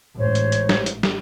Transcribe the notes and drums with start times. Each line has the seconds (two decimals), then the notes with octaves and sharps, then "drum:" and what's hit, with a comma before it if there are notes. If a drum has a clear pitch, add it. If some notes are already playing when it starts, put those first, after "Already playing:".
0.18 A1 G#2 C5 C#5
0.35 drum: hi-hat
0.52 drum: hi-hat
0.69 drum: snare
0.86 drum: hi-hat
1.03 drum: snare